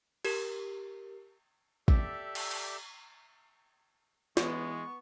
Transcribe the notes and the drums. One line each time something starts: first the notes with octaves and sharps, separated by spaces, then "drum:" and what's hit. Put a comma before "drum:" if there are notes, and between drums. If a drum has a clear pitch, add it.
G4 A#4, drum: cymbal
G4 A4 D5 E5, drum: kick A1
drum: cymbal
drum: cymbal
E3 G#3 B3 C#6, drum: snare